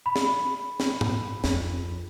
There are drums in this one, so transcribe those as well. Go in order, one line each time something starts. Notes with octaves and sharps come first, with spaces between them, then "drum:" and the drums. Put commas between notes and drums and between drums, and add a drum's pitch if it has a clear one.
B5
drum: snare
drum: snare
drum: tom G#2
F2, drum: snare